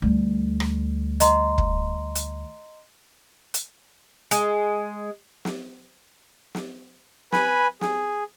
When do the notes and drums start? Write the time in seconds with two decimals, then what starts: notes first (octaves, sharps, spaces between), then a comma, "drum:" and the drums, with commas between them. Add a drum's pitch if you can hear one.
0.02 D2 G3
0.60 drum: rim click
1.20 D#5 A#5 C6, drum: hi-hat
1.58 drum: kick
2.15 drum: hi-hat
3.54 drum: hi-hat
4.31 G#3, drum: hi-hat
5.45 drum: snare
6.55 drum: snare
7.32 B4 G#5 B5, drum: snare
7.81 G#4, drum: snare